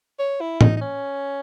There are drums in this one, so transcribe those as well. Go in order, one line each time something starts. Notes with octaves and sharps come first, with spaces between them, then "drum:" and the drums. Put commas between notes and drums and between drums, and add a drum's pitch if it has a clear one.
C#5
E4
D#4, drum: tom A2
D#4
C#4